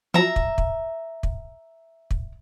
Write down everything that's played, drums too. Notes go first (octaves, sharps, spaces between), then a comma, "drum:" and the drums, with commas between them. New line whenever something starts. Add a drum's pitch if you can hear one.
F3 F#3 E5 A#5
drum: kick
drum: kick
drum: kick
drum: kick